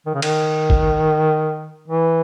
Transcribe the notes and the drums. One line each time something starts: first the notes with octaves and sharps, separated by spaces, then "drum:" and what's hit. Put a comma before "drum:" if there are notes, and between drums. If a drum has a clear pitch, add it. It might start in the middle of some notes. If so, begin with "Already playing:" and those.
D#3
C#3
D#3, drum: cymbal
drum: kick G#1
E3